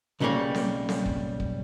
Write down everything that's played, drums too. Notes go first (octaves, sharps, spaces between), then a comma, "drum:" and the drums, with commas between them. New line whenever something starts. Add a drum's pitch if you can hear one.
B1 C#3 G3 G#3 A#3 C#5
drum: snare C4
drum: snare C4
drum: kick
drum: kick